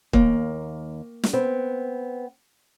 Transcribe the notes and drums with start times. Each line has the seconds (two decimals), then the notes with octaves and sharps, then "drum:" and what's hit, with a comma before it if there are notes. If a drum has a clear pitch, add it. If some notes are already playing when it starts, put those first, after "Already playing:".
0.13 D#2 A#3, drum: kick
1.23 drum: snare
1.33 B3 C4